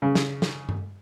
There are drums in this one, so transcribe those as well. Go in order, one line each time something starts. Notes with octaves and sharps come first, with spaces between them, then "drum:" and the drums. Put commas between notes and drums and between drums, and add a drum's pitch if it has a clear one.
C#3
drum: snare
drum: snare
drum: tom G2